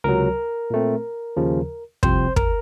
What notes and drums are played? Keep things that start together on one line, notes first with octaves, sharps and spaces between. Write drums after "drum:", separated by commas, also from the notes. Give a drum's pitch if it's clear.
C#2 C3 F#3 A#4
A#2 A3 C4
D#2 C#3 F3
C2 C3 F3 C4 C5, drum: kick
A#4, drum: kick